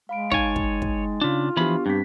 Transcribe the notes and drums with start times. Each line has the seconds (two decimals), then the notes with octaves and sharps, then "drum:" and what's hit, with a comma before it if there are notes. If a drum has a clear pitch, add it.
0.09 G#3 F5 B5 D7
0.32 D#4 C#5 G5 G#5 A6, drum: kick
0.56 drum: kick
0.82 drum: kick
1.21 C#3 D4 F4
1.57 E3 F3 B3 D4 G4 B5
1.86 G2 C4 G4 B6